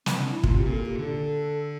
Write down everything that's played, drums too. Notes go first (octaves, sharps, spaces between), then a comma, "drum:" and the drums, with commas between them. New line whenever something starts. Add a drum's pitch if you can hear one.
C4, drum: snare
D4
E4
A#2 F4, drum: kick
C3 G4
A#2
A4
G4
D3 A4